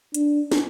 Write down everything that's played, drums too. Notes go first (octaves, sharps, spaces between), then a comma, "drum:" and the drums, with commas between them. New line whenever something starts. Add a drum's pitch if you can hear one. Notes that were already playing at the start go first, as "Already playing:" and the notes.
D4, drum: hi-hat
drum: snare